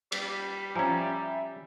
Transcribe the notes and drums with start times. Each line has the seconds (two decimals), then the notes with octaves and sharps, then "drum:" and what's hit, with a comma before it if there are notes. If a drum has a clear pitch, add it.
0.12 G3 B6, drum: cymbal
0.76 F3 C#4 E5 G#5 A#5